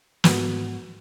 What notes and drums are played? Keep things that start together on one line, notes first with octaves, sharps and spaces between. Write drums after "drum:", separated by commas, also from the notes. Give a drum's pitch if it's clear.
G#2 B3 F#4, drum: snare